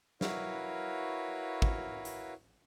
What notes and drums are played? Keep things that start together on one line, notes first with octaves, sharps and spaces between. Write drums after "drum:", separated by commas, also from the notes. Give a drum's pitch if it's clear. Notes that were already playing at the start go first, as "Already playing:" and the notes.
E4 F#4 A#4 B4 C#5 F5, drum: snare
drum: kick
drum: hi-hat